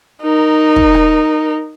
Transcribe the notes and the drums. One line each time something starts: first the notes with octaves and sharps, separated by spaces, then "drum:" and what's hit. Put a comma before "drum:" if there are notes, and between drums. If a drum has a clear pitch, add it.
D#4 A#4
drum: kick
drum: rim click